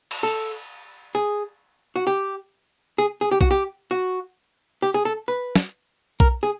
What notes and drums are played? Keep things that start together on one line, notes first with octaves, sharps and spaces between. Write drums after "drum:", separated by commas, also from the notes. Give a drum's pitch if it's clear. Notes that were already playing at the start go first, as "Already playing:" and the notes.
drum: cymbal
A4
G#4
F#4
G4
G#4
G#4
G4
F#4, drum: kick B1
G4
F#4
G4
G#4
A4
B4
drum: snare
A#4, drum: kick B1
G#4